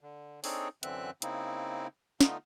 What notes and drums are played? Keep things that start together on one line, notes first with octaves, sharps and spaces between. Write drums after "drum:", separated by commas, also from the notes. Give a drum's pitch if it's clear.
D3
C4 D4 D#4 G#4 A4 C#5, drum: open hi-hat
F#2 D3 E3 C4 E5 F#6, drum: hi-hat
C#3 A#3 C4 D#4 E4, drum: hi-hat
D3 A3 B3 D#4 F4, drum: snare